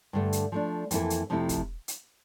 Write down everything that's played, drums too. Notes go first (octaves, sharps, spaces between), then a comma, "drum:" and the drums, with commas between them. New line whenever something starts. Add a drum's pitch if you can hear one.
G2 D3 A3
drum: hi-hat
F3 A3 D4
F2 E3 A#3 E4 A4, drum: hi-hat
drum: hi-hat
F2 C3 F3 A3 E4
drum: kick, hi-hat
drum: hi-hat